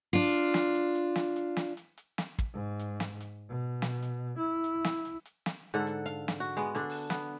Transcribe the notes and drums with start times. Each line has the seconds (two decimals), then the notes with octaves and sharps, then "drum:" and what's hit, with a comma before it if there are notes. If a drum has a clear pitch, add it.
0.13 D4 F4
0.54 drum: snare
0.75 drum: hi-hat
0.95 drum: hi-hat
1.16 drum: snare
1.36 drum: hi-hat
1.57 drum: snare
1.77 drum: hi-hat
1.98 drum: hi-hat
2.18 drum: snare
2.39 drum: kick
2.53 G#2
2.80 drum: hi-hat
3.00 drum: snare
3.21 drum: hi-hat
3.49 B2
3.82 drum: snare
4.03 drum: hi-hat
4.38 E4
4.64 drum: hi-hat
4.85 drum: snare
5.05 drum: hi-hat
5.25 drum: hi-hat
5.46 drum: snare
5.74 G#2 D3 A4 F#5
5.87 drum: hi-hat
6.06 F5, drum: hi-hat
6.28 drum: snare
6.40 F#4
6.57 G#3 B3
6.75 D3 D4
6.89 drum: open hi-hat
7.10 B3, drum: snare